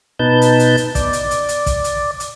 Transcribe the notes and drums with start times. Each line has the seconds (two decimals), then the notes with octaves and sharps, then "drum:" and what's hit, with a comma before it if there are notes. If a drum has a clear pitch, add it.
0.19 B2 D#4 B4 A5 G6
0.42 drum: hi-hat
0.59 drum: hi-hat
0.77 drum: hi-hat
0.95 D5, drum: kick, hi-hat
1.13 drum: hi-hat
1.31 drum: hi-hat
1.49 drum: hi-hat
1.66 drum: kick, hi-hat
1.84 drum: hi-hat
2.20 drum: hi-hat